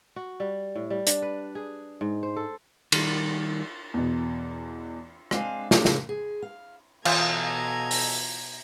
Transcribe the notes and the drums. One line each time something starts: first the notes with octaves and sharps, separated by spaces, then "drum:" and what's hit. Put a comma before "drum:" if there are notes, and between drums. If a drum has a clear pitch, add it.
F#4
G3
A2
G3
D4, drum: hi-hat
B4
G#4
G#2
C5
A4
D#3 G3, drum: cymbal
E2 B2
G#3 C4 D4 F5 G#5, drum: rim click
C#3 G3 A#3 D4 G4 G#4, drum: snare
drum: snare
G#4
F5
B2 E3 F4 A4 D#5 G#5 A#5 G#6, drum: cymbal
drum: open hi-hat